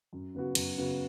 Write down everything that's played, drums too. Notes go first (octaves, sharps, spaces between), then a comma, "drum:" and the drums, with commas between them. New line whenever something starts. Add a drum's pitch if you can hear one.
F#2
C#3 B3 F#4
F#2, drum: cymbal
C#3 B3 F#4